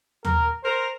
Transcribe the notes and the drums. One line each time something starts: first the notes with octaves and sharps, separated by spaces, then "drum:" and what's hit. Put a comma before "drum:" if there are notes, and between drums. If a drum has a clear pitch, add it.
A#4, drum: tom D#2
A#4 C5